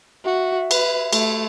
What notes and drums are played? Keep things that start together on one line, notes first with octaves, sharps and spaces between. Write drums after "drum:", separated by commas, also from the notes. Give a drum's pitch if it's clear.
F#4 E5
B4, drum: cymbal
A3, drum: cymbal